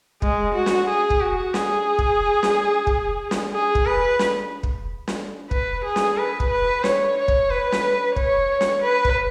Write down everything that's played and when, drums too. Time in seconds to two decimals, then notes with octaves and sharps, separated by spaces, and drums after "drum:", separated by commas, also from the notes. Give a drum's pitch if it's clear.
0.22 G#3, drum: kick
0.55 F#4
0.66 drum: snare
0.88 G#4
1.10 drum: kick
1.21 F#4
1.54 G#4, drum: snare
1.99 drum: kick
2.43 drum: snare
2.87 drum: kick
3.31 drum: snare
3.52 G#4
3.75 drum: kick
3.86 B4
4.19 drum: snare
4.63 drum: kick
5.08 drum: snare
5.51 B4, drum: kick
5.85 G#4
5.96 drum: snare
6.18 B4
6.40 drum: kick
6.50 B4
6.84 C#5, drum: snare
7.18 C#5
7.28 drum: kick
7.50 B4
7.72 drum: snare
8.16 C#5, drum: kick
8.61 drum: snare
8.82 B4
9.05 drum: kick